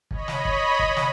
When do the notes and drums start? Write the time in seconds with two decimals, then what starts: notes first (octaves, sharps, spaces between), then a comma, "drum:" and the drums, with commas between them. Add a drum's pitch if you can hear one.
0.11 C#5 D#5 B5, drum: kick
0.28 drum: snare
0.45 drum: kick
0.79 drum: kick
0.96 drum: snare